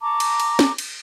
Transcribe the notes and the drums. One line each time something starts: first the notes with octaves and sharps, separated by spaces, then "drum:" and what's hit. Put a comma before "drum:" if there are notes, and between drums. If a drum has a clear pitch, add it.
A5 A#5 C#6 D6
drum: cymbal
drum: cymbal
drum: snare
drum: cymbal